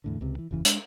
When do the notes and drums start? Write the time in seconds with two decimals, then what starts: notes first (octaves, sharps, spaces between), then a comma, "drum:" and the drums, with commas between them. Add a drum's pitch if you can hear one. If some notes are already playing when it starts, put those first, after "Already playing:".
0.04 E2 A2 D3
0.21 C#2 C3
0.39 E3
0.51 F#1 E2 C#3 E3
0.65 G#3 D4, drum: hi-hat